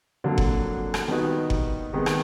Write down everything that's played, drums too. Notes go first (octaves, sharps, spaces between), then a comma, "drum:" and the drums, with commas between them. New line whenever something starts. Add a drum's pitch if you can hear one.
F2 D3 F#3 A#3
drum: kick F#1
drum: rim click
D#3 G3 B3 D#4 F#4
drum: kick F#1
C3 D#3 G#3 B3
drum: rim click